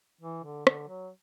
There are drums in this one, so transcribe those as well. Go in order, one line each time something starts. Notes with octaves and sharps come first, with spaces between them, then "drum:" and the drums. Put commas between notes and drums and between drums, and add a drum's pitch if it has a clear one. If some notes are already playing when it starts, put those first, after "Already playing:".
E3
D3
D3, drum: rim click
F#3